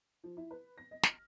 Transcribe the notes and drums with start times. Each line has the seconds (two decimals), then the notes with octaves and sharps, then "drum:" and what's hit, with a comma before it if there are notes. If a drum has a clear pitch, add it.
0.24 F3
0.37 E4
0.51 B4
0.78 A#6
0.91 D#5
1.03 F6, drum: snare